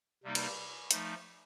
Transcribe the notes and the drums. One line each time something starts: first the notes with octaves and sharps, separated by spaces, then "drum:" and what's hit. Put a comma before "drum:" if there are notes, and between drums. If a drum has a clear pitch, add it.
C3 G3 A#3 D#4
drum: cymbal
F3 A3 D#4, drum: hi-hat